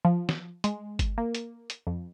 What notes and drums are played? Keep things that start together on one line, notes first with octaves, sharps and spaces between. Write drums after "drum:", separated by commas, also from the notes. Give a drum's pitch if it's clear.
F3
drum: snare
G#3, drum: hi-hat
drum: kick G1, hi-hat
A#3
drum: hi-hat
drum: hi-hat
F2